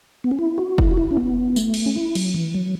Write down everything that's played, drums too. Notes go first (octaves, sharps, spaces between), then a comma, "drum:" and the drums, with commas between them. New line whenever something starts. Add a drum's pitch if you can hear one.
B3
C#4
E4
F#4
E4, drum: kick
F#4
E4
C#4
B3
A3, drum: tambourine
drum: cymbal
C#4
E4
F#3, drum: cymbal
E3
F#3